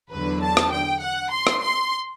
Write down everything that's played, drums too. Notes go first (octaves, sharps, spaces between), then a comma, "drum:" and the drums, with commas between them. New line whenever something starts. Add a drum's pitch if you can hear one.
E2 D3 F#3 B4
A5
drum: rim click
G5
F#5
C6
drum: rim click
C6